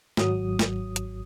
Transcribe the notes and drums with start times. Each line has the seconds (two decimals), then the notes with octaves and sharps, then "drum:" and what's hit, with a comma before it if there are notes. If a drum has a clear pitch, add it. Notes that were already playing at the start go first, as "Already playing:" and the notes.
0.17 G#1 F#3 D#6, drum: snare
0.59 drum: snare
0.96 drum: hi-hat